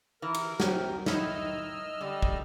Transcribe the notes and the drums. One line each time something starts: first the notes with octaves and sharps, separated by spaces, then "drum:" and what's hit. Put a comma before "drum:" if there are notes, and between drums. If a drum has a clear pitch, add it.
E3 A#4
drum: cymbal
C3 F#4 G4, drum: snare
D#3 D#4 E4 D#5 E6 F6, drum: snare
D3 G3
drum: kick